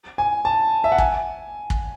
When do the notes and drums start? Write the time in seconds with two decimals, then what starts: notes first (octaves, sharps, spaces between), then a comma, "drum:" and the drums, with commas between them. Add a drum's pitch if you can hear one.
0.18 G#5
0.45 A5
0.84 E5
0.92 F#5
0.98 G#5, drum: kick
1.70 drum: kick